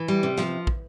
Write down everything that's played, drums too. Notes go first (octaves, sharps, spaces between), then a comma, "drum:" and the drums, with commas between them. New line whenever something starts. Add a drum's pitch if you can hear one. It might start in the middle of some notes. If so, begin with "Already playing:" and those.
Already playing: E3
G3
C3
F3, drum: snare
drum: kick